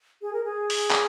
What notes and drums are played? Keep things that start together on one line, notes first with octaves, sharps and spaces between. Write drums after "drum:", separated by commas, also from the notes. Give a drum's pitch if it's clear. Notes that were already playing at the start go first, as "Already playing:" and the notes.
G#4
A#4
G#4
drum: open hi-hat
drum: clap